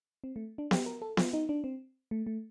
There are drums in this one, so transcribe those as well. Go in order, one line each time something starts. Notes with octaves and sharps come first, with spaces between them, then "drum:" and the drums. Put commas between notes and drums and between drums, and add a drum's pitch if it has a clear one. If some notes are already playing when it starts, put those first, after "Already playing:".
C4
A3
D4
G4, drum: snare B3
A#4
A4
F4, drum: snare B3
D#4
D4
C4
A3
A3